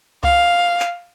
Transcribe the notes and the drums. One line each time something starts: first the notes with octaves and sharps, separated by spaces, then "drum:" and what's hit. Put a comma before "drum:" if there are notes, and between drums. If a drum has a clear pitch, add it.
F5, drum: kick C2
drum: clap